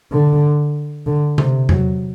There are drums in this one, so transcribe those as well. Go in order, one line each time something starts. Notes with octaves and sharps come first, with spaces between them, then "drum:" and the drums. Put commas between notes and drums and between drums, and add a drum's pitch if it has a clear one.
D3
D3
C3, drum: tom C3
F#3, drum: tom E2